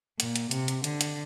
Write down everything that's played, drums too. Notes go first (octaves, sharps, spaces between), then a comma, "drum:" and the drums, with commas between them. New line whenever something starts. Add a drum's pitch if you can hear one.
A#2, drum: hi-hat
drum: hi-hat
C3, drum: hi-hat
drum: hi-hat
D3, drum: hi-hat
drum: hi-hat